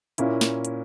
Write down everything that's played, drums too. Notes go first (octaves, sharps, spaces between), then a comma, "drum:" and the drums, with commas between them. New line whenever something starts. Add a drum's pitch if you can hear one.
A#2 A#3 C#4 E4, drum: hi-hat
drum: snare
drum: hi-hat